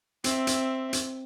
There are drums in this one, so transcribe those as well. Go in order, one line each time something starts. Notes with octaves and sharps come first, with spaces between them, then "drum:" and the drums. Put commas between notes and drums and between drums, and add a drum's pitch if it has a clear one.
C4 E5, drum: hi-hat
drum: hi-hat
drum: hi-hat